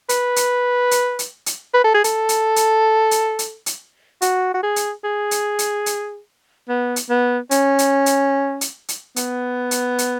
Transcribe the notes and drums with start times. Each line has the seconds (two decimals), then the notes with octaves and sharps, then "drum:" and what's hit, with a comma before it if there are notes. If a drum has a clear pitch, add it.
0.09 B4, drum: hi-hat
0.36 drum: hi-hat
0.91 drum: hi-hat
1.19 drum: hi-hat
1.46 drum: hi-hat
1.74 B4
1.84 A4
1.94 G#4
2.04 A4, drum: hi-hat
2.29 drum: hi-hat
2.56 drum: hi-hat
3.11 drum: hi-hat
3.39 drum: hi-hat
3.66 drum: hi-hat
4.22 F#4, drum: hi-hat
4.54 F#4
4.63 G#4
4.76 drum: hi-hat
5.04 G#4
5.31 drum: hi-hat
5.59 drum: hi-hat
5.86 drum: hi-hat
6.69 B3
6.96 drum: hi-hat
7.10 B3
7.51 C#4, drum: hi-hat
7.79 drum: hi-hat
8.06 drum: hi-hat
8.61 drum: hi-hat
8.89 drum: hi-hat
9.16 B3, drum: hi-hat
9.71 drum: hi-hat
9.98 drum: hi-hat